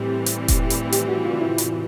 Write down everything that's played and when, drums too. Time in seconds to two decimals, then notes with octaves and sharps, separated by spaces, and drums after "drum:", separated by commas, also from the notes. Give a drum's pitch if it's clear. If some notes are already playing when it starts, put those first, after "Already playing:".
Already playing: A2 E3 G3 C4 G4
0.26 drum: hi-hat
0.48 drum: kick E1, hi-hat
0.70 drum: hi-hat
0.92 G4, drum: hi-hat
1.09 F#4
1.25 F4
1.41 E4
1.58 drum: hi-hat